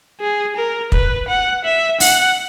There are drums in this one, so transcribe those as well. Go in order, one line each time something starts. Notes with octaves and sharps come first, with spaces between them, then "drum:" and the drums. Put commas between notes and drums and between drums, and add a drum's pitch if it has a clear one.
G#4
A#4
B4, drum: kick
F#5
E5
F#5, drum: open hi-hat